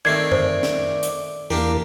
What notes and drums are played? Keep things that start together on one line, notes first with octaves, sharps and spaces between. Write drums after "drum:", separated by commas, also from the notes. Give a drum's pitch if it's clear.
D#3 A3 C4 D5 G#6 C7
C5, drum: tom F#2
drum: snare
drum: hi-hat
E2 A#3 D4 G4 A#4